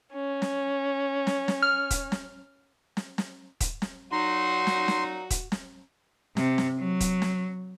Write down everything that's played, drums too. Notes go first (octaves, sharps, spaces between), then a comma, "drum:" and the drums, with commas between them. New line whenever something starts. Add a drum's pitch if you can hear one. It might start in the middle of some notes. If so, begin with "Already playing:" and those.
C#4
drum: snare
drum: snare
drum: snare
F6
drum: kick D#1, hi-hat
drum: snare
drum: snare
drum: snare
drum: kick D#1, hi-hat
drum: snare
A#2 F#3 D#4 F#4 C6
drum: snare
drum: snare
drum: kick D#1, hi-hat
drum: snare
C3, drum: snare
drum: snare
F#3
drum: kick D#1, hi-hat
drum: snare